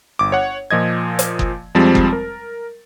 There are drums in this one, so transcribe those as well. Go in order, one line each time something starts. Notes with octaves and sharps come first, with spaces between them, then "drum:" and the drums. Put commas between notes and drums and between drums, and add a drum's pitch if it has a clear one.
G1 D6
C#5 F#5
A#2 F3 D#5 G#6
drum: hi-hat
drum: kick F#1
F2 F3 G3 G#3 C4 A6
drum: kick F#1
A#4